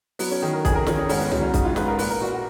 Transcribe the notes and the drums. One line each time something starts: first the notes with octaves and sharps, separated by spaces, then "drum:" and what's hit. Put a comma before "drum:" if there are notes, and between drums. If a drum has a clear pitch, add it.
F#3 B3, drum: open hi-hat
C#4
D#3 D#4
A#4
F2 G#4, drum: kick, hi-hat
A#4
D#3 C#4, drum: snare
C#4
G#2 C#4, drum: open hi-hat
B3
F#3 C#4, drum: tom
C#4
G#2 D#4, drum: kick, hi-hat
F4
G#2 B4, drum: snare
A#4
A#2 B4, drum: open hi-hat
A#4
A#2 F#4
F#4